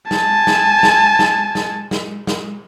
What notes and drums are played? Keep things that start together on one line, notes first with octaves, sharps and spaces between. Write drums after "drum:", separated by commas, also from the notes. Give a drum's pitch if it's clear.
G#5 A5, drum: snare
drum: snare
drum: snare
drum: snare
drum: snare
drum: snare
drum: snare